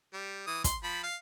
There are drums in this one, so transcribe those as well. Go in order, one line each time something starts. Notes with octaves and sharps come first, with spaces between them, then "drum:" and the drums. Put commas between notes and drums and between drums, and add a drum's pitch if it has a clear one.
G3
E3 D#6
C6, drum: kick, hi-hat
F3 B5
F5